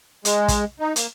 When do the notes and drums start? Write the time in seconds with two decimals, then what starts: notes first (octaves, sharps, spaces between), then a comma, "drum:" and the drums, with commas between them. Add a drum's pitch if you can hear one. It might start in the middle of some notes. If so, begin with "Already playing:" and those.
0.25 G#3, drum: hi-hat
0.48 drum: kick, hi-hat
0.80 D#4
0.96 A#3, drum: hi-hat